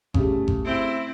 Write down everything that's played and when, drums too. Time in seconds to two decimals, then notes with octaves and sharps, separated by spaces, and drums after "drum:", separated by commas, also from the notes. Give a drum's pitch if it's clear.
0.14 C#3 G3 A3, drum: kick G1
0.48 drum: kick G1
0.65 C4 E4